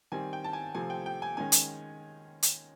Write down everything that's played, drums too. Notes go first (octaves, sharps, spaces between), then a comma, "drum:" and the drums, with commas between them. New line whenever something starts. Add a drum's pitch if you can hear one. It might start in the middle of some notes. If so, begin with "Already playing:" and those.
D#3 G3 C4 G#5
G5
A5
G#5
C3 F3 A3 C4 G#5
G5
G5
G#5
D#3 G#3 C#4 G#5
drum: hi-hat
drum: hi-hat